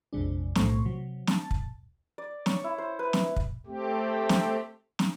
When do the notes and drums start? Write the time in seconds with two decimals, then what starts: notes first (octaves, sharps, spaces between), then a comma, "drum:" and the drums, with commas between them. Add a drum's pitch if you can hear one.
0.13 A#1 F2 C3 G#3 D4
0.55 B1 A2 A3 C5 C#6, drum: snare
0.85 C3 F#3
1.27 A5, drum: snare
1.51 drum: kick
2.18 D5
2.46 C#5, drum: snare
2.64 E4
2.78 C5
2.99 B4
3.13 drum: snare
3.36 drum: kick
3.66 A3 C4 G4
4.29 drum: snare
4.99 drum: snare